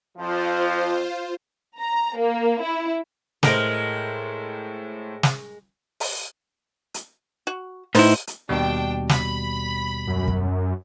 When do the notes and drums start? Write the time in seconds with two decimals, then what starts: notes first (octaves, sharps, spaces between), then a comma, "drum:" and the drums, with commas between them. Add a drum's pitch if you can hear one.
0.17 F2 F3 F4 C5
1.79 A#5
2.17 A#3
2.62 E4
3.43 A2 G#3 A#4 C5, drum: snare
5.23 drum: snare
6.00 drum: open hi-hat
6.94 drum: hi-hat
7.47 F#4
7.95 A2 B3 D#4 E4 C5, drum: open hi-hat
8.27 drum: hi-hat
8.49 D#2 B2 G3 D4 G5
9.09 B5, drum: snare
10.07 F#2
10.28 drum: kick